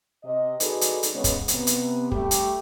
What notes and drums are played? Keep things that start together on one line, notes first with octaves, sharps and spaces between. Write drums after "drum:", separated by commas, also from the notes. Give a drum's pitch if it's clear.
C3 D#5
D#4 F#4 G#4 A4 B4 D5, drum: hi-hat
drum: hi-hat
drum: hi-hat
C#3 G#3 B3 C#4
drum: kick, hi-hat
C3 B3, drum: hi-hat
drum: hi-hat
G3 A3 G4, drum: kick
drum: hi-hat